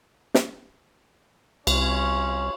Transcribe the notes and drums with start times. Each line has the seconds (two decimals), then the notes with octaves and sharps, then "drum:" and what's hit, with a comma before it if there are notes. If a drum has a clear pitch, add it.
0.34 drum: snare
1.67 C2 C#4 F4 C#5, drum: cymbal